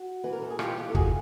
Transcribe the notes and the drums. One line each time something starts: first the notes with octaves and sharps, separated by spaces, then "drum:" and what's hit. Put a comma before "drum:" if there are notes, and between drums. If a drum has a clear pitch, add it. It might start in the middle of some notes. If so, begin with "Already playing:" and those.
Already playing: F#4
E3 B4
A#4
A4
G#4
B2 F4 G4, drum: rim click
F4 G4
A4
F#4 G#4, drum: kick